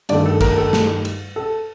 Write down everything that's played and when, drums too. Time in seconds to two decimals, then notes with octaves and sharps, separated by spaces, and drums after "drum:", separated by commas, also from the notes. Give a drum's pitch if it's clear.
0.09 G2 D#3 A3 D5, drum: cymbal
0.26 A4
0.41 A#4, drum: kick, cymbal
0.58 A4
0.73 drum: snare
1.05 drum: cymbal
1.36 A4